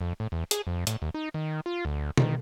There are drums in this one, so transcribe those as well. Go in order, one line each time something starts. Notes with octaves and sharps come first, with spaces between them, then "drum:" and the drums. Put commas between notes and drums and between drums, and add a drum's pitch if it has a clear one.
F2
A2
E2
G#4, drum: hi-hat
F2
A2, drum: hi-hat
D#2
D#4
D#3
F4
D2
D#3, drum: tom B2